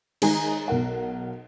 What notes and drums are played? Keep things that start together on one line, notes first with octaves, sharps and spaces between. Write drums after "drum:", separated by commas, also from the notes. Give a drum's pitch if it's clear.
D#3 G#3 D#4 G#5 A#5, drum: cymbal
B1 A#4 F#5